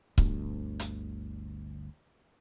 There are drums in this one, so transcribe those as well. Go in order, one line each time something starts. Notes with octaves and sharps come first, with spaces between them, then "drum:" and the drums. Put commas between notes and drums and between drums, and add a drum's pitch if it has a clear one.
G1 D2, drum: kick C#1
drum: hi-hat